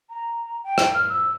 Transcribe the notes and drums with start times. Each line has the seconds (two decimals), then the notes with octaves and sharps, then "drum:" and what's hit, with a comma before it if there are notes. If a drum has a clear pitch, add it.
0.10 A#5
0.64 G5
0.78 drum: rim click
0.94 F6
1.09 E6